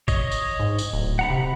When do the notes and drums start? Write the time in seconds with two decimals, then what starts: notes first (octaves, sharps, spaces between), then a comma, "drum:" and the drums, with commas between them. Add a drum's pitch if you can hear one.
0.08 C#5 D#5, drum: kick G#1, tambourine
0.31 drum: tambourine
0.59 G#2
0.78 drum: tambourine
0.93 D1
1.19 F#5 A#5 B5
1.30 C3